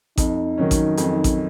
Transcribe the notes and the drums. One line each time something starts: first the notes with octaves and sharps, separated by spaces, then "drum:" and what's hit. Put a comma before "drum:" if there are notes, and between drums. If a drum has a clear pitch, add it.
F2 D#4, drum: kick A1, hi-hat
D#3 F#3 C#4
drum: kick A1, hi-hat
F2, drum: hi-hat
drum: kick A1, hi-hat